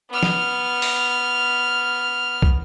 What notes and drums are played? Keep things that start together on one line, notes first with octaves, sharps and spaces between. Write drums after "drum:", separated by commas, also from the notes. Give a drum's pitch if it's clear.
B3 F6
drum: snare
drum: open hi-hat
drum: kick